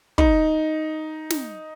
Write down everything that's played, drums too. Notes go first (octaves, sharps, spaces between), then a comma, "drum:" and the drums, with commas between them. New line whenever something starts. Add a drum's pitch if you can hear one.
D#4, drum: kick
drum: snare